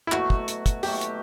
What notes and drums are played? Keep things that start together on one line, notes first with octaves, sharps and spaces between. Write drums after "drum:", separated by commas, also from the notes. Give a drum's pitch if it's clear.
E4
B2 F#3 A3 F#4, drum: clap
drum: kick
drum: hi-hat
drum: kick, hi-hat
B2 F#3 A3 G4, drum: open hi-hat
drum: hi-hat